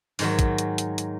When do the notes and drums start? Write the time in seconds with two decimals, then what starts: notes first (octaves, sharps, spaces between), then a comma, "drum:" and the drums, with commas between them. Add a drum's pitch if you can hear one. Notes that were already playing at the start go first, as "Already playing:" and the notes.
0.19 G#2 D#3 F#3, drum: open hi-hat
0.39 drum: kick, hi-hat
0.58 drum: hi-hat
0.78 drum: hi-hat
0.98 drum: hi-hat